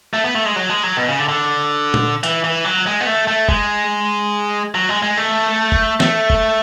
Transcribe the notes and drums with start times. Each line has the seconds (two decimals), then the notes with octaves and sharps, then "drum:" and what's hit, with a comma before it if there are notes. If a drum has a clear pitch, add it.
0.13 A3
0.24 B3
0.35 A3
0.46 G#3
0.56 F#3
0.69 G#3
0.83 F#3
0.97 B2
1.08 C#3
1.18 D3
1.29 D3
1.94 drum: tom A#2
2.23 E3, drum: hi-hat
2.44 E3
2.64 F#3
2.87 G#3
3.01 B3
3.07 A3
3.27 A3
3.49 G#3, drum: kick
4.75 F#3
4.89 G#3
5.03 G#3
5.17 A3
5.72 drum: kick
6.00 A3, drum: snare
6.30 drum: kick